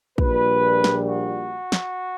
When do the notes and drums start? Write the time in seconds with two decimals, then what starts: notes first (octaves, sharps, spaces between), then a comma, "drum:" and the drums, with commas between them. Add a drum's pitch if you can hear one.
0.18 A#1 A#2 G3 B4, drum: kick
0.84 drum: snare
1.07 F#4
1.72 drum: snare